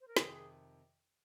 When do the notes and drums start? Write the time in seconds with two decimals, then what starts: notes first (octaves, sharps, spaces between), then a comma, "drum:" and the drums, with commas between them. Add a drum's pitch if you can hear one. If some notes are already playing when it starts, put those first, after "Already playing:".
0.01 C5
0.08 A#4
0.17 F2 C3 D#3 G#4, drum: snare